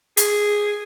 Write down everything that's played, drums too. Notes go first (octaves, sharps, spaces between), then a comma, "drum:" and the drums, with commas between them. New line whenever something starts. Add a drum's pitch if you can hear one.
G#4, drum: hi-hat